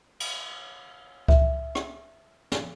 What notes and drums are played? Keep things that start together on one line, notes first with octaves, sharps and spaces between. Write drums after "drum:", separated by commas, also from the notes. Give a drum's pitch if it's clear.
drum: cymbal
E5, drum: kick C#2
drum: rim click
drum: snare